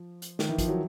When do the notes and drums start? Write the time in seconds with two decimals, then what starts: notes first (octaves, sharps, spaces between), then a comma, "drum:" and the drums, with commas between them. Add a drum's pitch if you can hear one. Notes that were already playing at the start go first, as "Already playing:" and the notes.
Already playing: F3
0.22 drum: hi-hat
0.39 D#3, drum: snare
0.49 E3
0.58 F3, drum: kick, hi-hat
0.68 F#3